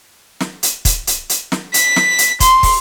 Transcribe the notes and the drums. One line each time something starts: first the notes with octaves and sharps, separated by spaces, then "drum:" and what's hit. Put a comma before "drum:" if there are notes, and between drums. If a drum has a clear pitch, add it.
drum: snare
drum: hi-hat
drum: kick, hi-hat
drum: hi-hat
drum: hi-hat
drum: snare
B6, drum: hi-hat
drum: snare
drum: hi-hat
C6, drum: kick, hi-hat
drum: kick, open hi-hat